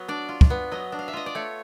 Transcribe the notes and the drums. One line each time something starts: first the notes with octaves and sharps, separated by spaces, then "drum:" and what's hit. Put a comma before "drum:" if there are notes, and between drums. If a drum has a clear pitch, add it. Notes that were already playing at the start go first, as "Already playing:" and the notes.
Already playing: F#3 B3
D4 D5
F4
drum: kick
B3
F#3 D#5
D4
F5
E5
F4 D#5
D5
A3 C#5